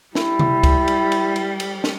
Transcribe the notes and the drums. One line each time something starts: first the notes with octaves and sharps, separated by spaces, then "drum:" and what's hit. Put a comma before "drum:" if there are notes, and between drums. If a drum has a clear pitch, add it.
G3 E4, drum: snare
drum: tom C3
drum: kick C#2, cymbal
drum: cymbal
drum: cymbal
drum: cymbal
drum: cymbal
drum: snare